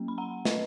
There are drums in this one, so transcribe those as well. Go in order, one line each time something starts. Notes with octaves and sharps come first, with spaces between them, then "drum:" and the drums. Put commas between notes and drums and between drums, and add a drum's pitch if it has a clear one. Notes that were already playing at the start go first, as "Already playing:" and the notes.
Already playing: F#3 A#3 C#4
B5
F#5 A#5
B4 D#5, drum: snare